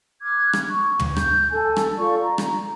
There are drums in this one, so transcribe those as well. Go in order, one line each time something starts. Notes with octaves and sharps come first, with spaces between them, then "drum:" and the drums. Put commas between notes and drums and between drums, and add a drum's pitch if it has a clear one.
D6 F6 F#6 G#6
drum: rim click
C#6
drum: tom
G6, drum: rim click
A4 G#5
drum: rim click
F4 A4 D5 C#6
A#5
drum: rim click